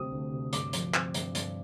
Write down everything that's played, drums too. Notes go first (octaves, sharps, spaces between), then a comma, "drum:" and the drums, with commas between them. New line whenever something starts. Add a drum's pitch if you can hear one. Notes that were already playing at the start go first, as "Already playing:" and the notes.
Already playing: D2 C3 G3 C4 D#6
D2
C3
G2 D6, drum: hi-hat
F3, drum: hi-hat
C4, drum: clap
G2, drum: hi-hat
G2, drum: hi-hat